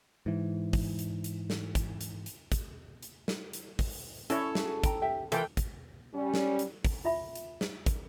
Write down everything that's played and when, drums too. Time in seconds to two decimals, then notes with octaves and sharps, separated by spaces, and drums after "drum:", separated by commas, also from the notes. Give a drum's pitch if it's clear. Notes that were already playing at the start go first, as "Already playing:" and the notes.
0.26 G#2 E3
0.73 drum: kick, open hi-hat
0.99 drum: hi-hat
1.24 drum: hi-hat
1.50 drum: snare
1.75 drum: kick, hi-hat
2.01 drum: hi-hat
2.26 drum: hi-hat
2.52 drum: kick, hi-hat
3.03 drum: hi-hat
3.28 drum: snare
3.53 drum: hi-hat
3.79 drum: kick, open hi-hat
4.30 C#4 E4 A4 C#5 D5, drum: hi-hat
4.55 drum: snare
4.64 F#4 G#4
4.84 G5 A#5, drum: kick, hi-hat
5.02 G4 E5 G5
5.32 E3 F4 A4 A#4 G5, drum: hi-hat
5.57 drum: kick, hi-hat
6.13 G3 C#4
6.34 drum: snare
6.59 drum: hi-hat
6.85 drum: kick, open hi-hat
7.05 F4 E5 B5
7.35 drum: hi-hat
7.61 drum: snare
7.86 drum: kick, hi-hat